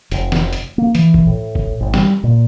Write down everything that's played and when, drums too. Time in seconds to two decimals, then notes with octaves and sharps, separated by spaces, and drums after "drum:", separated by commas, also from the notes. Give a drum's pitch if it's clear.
0.11 F1, drum: hi-hat
0.32 drum: snare
0.53 drum: hi-hat
0.78 A#3
0.95 E3, drum: hi-hat
1.14 drum: kick
1.27 A2
1.55 drum: kick
1.81 G#1
1.94 G3, drum: snare
2.24 A#2